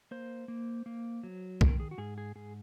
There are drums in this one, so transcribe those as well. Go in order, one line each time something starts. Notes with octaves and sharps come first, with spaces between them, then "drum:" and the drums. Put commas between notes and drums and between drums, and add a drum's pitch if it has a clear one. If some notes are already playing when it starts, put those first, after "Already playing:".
A#3 C5
A#3
A#3
F#3
D#3 A#4, drum: kick
G#4
F#4
G#2 G#4
G#4
G#2 G#4